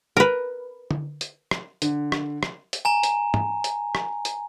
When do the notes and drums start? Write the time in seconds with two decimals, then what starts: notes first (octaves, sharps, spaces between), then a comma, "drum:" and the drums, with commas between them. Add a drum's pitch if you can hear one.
0.17 A#4 B4
0.91 drum: tom
1.21 drum: hi-hat
1.51 drum: rim click
1.82 D3, drum: hi-hat
2.12 drum: rim click
2.43 drum: rim click
2.73 drum: hi-hat
2.85 G#5 A#5
3.03 drum: hi-hat
3.34 drum: tom
3.64 drum: hi-hat
3.95 drum: rim click
4.25 drum: hi-hat